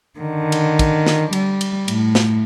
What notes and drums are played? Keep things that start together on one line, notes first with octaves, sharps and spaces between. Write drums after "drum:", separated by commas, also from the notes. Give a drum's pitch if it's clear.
D3 D#3
drum: cymbal
drum: kick, cymbal
drum: snare
G3, drum: cymbal
drum: cymbal
A2, drum: cymbal
drum: snare